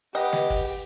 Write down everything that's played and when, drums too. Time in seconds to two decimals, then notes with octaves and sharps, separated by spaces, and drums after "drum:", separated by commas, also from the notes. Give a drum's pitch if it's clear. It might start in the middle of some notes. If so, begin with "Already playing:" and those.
0.15 G4 B4 D#5 F#5 G5, drum: hi-hat
0.33 drum: snare
0.50 drum: kick, open hi-hat
0.68 drum: hi-hat